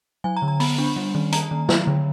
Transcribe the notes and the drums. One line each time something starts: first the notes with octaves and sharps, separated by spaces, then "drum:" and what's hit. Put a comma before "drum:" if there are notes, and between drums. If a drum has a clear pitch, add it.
F#3 G#5
A#5
D3
A#5
B3 B5, drum: open hi-hat
D4
G3
D#3
A#3 A#5, drum: hi-hat
D#3
F#3, drum: snare
D3